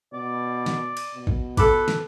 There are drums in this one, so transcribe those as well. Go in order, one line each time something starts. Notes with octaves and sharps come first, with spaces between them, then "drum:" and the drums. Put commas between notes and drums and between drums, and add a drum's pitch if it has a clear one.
B2 D5
drum: snare
drum: cymbal
B2
drum: kick
A4 B4 B5 D6, drum: kick, cymbal
drum: snare